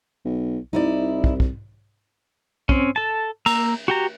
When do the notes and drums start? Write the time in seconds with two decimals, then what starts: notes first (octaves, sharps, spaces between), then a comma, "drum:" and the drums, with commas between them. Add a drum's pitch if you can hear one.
0.25 B1
0.73 C2 D#4 E4 D5
1.24 drum: kick
1.40 drum: kick
2.69 C4 C#4, drum: kick
2.96 A4 A5
3.46 A#3 A#5 E6, drum: cymbal
3.88 F#4 G4 A#5